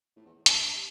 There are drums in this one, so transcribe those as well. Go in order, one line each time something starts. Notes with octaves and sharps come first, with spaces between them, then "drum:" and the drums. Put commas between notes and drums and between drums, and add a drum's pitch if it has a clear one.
A2
E2
G2, drum: hi-hat